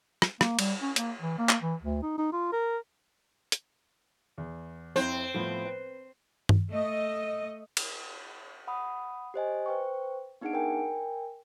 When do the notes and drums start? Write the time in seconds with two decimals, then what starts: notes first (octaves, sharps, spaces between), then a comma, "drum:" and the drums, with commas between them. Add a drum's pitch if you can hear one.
0.22 drum: rim click
0.41 A#3, drum: rim click
0.59 G3, drum: cymbal
0.82 C#4
0.96 A#3, drum: hi-hat
1.21 E3
1.38 A#3
1.49 drum: clap
1.62 E3
1.82 D2
2.02 D#4
2.18 D#4
2.32 F4
2.52 A#4
3.52 drum: hi-hat
4.38 E2
4.96 F2 C4 E4 F#6
5.34 A2 F3 B3
5.65 B4
6.49 drum: tom G2
6.70 A3 D#5
7.77 drum: cymbal
8.67 F#5 B5 D#6
9.34 G4 C5 D#5 G#5
9.66 B4 C5 G5 C#6
10.41 B3 D4 D#4 G#4 F#5 D7
10.53 A#4 G5 G#5